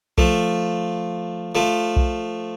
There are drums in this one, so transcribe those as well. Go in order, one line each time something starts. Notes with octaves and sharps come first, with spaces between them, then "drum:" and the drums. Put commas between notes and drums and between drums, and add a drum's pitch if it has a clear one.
F3 A3, drum: kick B1
F3 A3
drum: kick B1